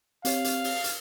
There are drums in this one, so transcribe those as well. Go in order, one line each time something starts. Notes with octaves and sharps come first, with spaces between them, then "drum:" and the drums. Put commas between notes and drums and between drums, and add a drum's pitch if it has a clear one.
C4 G4 C#5 F5, drum: hi-hat
drum: hi-hat
drum: open hi-hat
drum: hi-hat